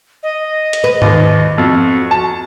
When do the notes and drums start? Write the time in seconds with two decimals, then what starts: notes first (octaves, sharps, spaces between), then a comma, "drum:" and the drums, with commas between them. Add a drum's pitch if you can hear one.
0.23 D#5
0.73 drum: hi-hat
0.84 B4
1.02 D#2, drum: tom G#2
1.58 F2 F#4
2.11 A5